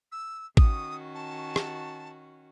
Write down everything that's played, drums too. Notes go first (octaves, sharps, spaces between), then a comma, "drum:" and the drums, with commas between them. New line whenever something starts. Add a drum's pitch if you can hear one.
E6
D#3 C#4 F#4 D#6, drum: kick
A5
drum: rim click